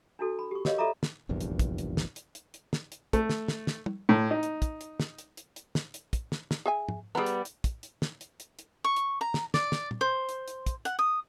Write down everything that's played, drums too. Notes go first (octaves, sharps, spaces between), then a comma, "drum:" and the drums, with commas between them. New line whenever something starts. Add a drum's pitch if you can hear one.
D4 E4 F#4 A4
B5
G4 C#6
G4 A#4 C#5 D#5 F5, drum: snare
F4 A4 D5 E5 A#5 D6
drum: snare
F1 A#1 E2 G2
drum: hi-hat
drum: kick, hi-hat
drum: hi-hat
drum: snare
drum: hi-hat
drum: hi-hat
drum: hi-hat
drum: snare
drum: hi-hat
A3, drum: kick, hi-hat
drum: snare
drum: snare
drum: snare
drum: tom
A2
D#4
drum: hi-hat
drum: kick, hi-hat
drum: hi-hat
drum: snare
drum: hi-hat
drum: hi-hat
drum: hi-hat
drum: snare
drum: hi-hat
drum: kick, hi-hat
drum: snare
drum: snare
G#4 E5 G#5
drum: tom
G3 B3 G#4 A#5
drum: hi-hat
drum: hi-hat
drum: kick, hi-hat
drum: hi-hat
drum: snare
drum: hi-hat
drum: hi-hat
drum: hi-hat
C#6
drum: hi-hat
A#5
drum: snare
D5, drum: snare
drum: snare
drum: tom
C5
drum: hi-hat
drum: hi-hat
drum: kick, hi-hat
F#5, drum: hi-hat
D#6